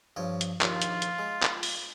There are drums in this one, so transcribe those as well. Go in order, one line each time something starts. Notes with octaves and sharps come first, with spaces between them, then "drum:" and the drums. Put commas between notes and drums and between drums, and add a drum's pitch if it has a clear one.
G2 F3 C#5
drum: hi-hat
A#1 D#2 F4, drum: clap
drum: hi-hat
drum: hi-hat
G#3
drum: clap
drum: open hi-hat